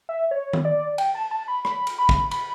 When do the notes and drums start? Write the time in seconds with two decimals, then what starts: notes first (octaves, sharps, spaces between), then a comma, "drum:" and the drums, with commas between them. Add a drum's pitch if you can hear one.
0.09 E5
0.31 C#5
0.53 drum: tom D#3
0.65 D5
0.98 G5, drum: cymbal
1.15 A5
1.31 A5
1.48 B5
1.65 B5, drum: rim click
1.87 drum: cymbal
1.98 B5
2.09 drum: kick
2.31 B5, drum: cymbal